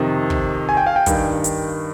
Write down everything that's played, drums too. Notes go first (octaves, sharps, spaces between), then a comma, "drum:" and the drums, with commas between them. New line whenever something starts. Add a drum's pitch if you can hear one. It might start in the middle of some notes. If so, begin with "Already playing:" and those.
Already playing: F2 C3 D#3
drum: kick
G#5
G5
F5
G5
G2 D#3, drum: kick, hi-hat
drum: hi-hat